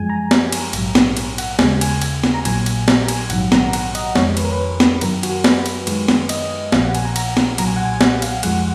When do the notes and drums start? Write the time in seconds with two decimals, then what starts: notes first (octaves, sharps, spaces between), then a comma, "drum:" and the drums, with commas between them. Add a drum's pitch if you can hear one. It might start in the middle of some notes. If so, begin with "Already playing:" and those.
Already playing: F#2 F3 G#3 G#5
0.10 A#5
0.31 drum: snare
0.52 drum: cymbal
0.73 A#1 G#2 F#3, drum: cymbal
0.95 drum: snare
1.17 drum: cymbal
1.38 F#5, drum: cymbal
1.59 D#2 C#3 G#3 G#5, drum: snare
1.81 G#5, drum: cymbal
2.02 G#5, drum: cymbal
2.24 drum: snare
2.34 A#5
2.45 A#1 A#2 F#3 G#5, drum: cymbal
2.66 drum: cymbal
2.88 A#5, drum: snare
3.08 G#5, drum: cymbal
3.30 A#1 G#2 D#3 F#3 F#5, drum: cymbal
3.52 A#5, drum: snare
3.73 F#5, drum: cymbal
3.95 D#5, drum: cymbal
4.15 F2 D#3 G#3 C#5, drum: snare
4.37 B4, drum: cymbal
4.44 A#4
4.52 B4
4.80 drum: snare
5.01 F#2 D#3 F#3 A#4, drum: cymbal
5.23 F#4, drum: cymbal
5.44 B4, drum: snare
5.66 drum: cymbal
5.87 F#2 D#3 G#3, drum: cymbal
6.08 drum: snare
6.29 D#5, drum: cymbal
6.72 A#1 A#2 F3 F5, drum: snare
6.84 F#5
6.95 G#5, drum: cymbal
7.05 A#5
7.16 A#5, drum: cymbal
7.37 drum: snare
7.58 B1 A#2 F#3 A#5, drum: cymbal
7.67 G#5
7.76 F#5
7.85 G#5
8.01 F#5, drum: snare
8.22 F5, drum: cymbal
8.43 F2 F3 G#3 F#5, drum: cymbal